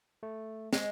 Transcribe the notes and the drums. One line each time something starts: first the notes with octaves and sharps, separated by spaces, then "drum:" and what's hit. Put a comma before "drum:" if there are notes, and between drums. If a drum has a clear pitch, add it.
A3
G#3, drum: snare